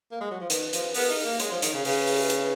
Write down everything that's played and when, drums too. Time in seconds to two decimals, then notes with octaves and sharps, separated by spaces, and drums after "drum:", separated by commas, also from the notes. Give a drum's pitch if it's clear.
0.11 A#3
0.21 G#3
0.31 F#3
0.40 F3
0.50 D#3 B4, drum: hi-hat
0.73 F3, drum: hi-hat
0.94 B3 A#4, drum: open hi-hat
1.10 D#4
1.25 A#3
1.40 G#3 C#5, drum: hi-hat
1.51 F3
1.62 D#3, drum: hi-hat
1.74 C#3
1.85 C#3 B4, drum: open hi-hat
2.07 drum: open hi-hat
2.30 drum: hi-hat